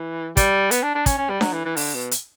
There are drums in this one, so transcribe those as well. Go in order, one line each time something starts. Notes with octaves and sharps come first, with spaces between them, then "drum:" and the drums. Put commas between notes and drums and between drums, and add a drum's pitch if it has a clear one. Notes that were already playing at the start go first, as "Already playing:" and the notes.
Already playing: E3
G3, drum: kick, hi-hat
B3, drum: hi-hat
D4
D4
C#4, drum: kick, hi-hat
C#4
G3
F#3, drum: snare D4
E3
E3
D3, drum: open hi-hat
B2
drum: hi-hat